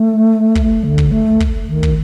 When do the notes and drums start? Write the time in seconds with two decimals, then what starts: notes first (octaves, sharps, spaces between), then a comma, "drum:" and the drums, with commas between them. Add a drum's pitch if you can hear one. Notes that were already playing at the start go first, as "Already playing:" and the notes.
Already playing: A3
0.55 drum: kick
0.84 D3
0.98 drum: kick
1.12 A3
1.40 drum: kick
1.68 D#3
1.83 drum: kick